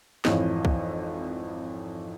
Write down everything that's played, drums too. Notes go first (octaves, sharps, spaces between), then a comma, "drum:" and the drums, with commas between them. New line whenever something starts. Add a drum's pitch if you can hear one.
G#1 F2 E3 C#5 D#5, drum: snare
drum: kick C2